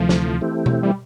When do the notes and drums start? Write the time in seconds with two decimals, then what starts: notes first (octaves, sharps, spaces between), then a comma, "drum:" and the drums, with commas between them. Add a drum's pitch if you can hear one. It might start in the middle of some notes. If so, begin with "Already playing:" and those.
Already playing: D2 C3 E3 F3 A3
0.09 drum: snare
0.41 E3 A3 C4 E4 G4
0.66 drum: tom B2
0.83 G3